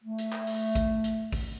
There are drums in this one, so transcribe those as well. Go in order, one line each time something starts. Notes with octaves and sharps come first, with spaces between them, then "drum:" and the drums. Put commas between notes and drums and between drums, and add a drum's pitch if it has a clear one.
A3
drum: hi-hat
drum: clap
drum: open hi-hat
drum: kick, hi-hat
drum: hi-hat
drum: kick, open hi-hat